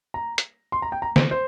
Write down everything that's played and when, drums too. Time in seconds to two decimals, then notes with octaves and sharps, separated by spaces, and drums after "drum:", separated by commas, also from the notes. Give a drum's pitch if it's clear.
0.14 A#5
0.38 drum: hi-hat
0.72 C6
0.82 A#5
0.92 G5
1.02 A#5
1.16 C5, drum: snare
1.31 C5